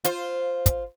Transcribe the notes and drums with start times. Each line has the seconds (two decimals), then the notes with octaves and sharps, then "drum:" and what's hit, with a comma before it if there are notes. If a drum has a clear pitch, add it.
0.04 F4 C5, drum: hi-hat
0.66 drum: kick, hi-hat